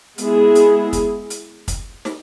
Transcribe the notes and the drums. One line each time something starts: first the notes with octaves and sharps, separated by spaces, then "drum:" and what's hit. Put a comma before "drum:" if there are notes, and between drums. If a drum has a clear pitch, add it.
G#3 B3 E4 G#4, drum: hi-hat
drum: hi-hat
drum: kick, hi-hat
drum: hi-hat
drum: kick, hi-hat
drum: snare